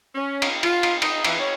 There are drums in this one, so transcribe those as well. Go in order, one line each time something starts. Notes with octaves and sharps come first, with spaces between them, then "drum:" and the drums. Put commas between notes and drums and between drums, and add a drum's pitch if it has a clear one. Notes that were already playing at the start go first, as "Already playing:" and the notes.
C#4
drum: cymbal
F4, drum: cymbal
drum: cymbal
D#4, drum: cymbal
E3, drum: cymbal
C#5